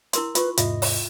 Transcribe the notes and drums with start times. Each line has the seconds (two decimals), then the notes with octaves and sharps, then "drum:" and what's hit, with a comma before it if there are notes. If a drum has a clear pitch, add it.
0.13 E4 A#4 C6, drum: hi-hat
0.35 F4 B4 C#6, drum: hi-hat
0.57 E2 G#2 C3 F4 D#5 E5, drum: hi-hat
0.82 drum: open hi-hat